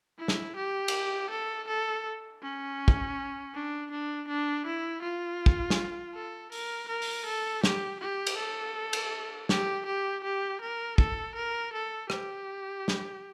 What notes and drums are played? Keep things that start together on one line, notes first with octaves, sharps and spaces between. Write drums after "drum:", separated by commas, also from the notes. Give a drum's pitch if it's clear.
E4
drum: snare
G4
drum: cymbal
A4
A4
C#4
drum: kick
D4
D4
D4
E4
F4
drum: kick
drum: snare
A4
A#4, drum: open hi-hat
A#4
drum: open hi-hat
A4
G4, drum: snare
G4
drum: cymbal
A4
drum: cymbal
G4, drum: snare
G4
G4
A#4
A4, drum: kick
A#4
A4
G4, drum: rim click
drum: snare